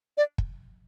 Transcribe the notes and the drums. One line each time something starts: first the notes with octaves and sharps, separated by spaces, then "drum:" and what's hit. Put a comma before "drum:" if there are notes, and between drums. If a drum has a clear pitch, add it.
D5
drum: kick